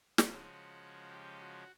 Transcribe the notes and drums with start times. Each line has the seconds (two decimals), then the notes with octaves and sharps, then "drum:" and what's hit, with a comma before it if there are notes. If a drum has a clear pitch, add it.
0.18 C#3 F3 G#3 C#4 F#4, drum: snare
1.10 G4
1.40 F#4